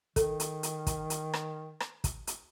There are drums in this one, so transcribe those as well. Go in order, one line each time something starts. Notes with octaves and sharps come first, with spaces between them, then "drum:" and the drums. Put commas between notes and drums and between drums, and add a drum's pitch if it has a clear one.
D#3 A4, drum: kick, hi-hat
drum: hi-hat
drum: hi-hat
drum: kick, hi-hat
drum: hi-hat
drum: rim click
drum: rim click
drum: kick, hi-hat
drum: hi-hat